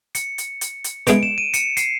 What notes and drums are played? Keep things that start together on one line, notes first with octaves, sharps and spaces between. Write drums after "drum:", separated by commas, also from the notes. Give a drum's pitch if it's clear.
C#7, drum: hi-hat
drum: hi-hat
drum: hi-hat
drum: hi-hat
B2 G#3 B3 E4 D7, drum: hi-hat
E7
D#7
C#7, drum: hi-hat
C7, drum: hi-hat